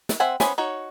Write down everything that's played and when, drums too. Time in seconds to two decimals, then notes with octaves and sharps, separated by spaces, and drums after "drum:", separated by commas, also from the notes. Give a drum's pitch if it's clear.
0.09 drum: snare
0.20 C4 C5 E5 F#5 G#5
0.40 B3 C#4 C5 G#5 B5, drum: snare
0.58 D#4 F#4 C#5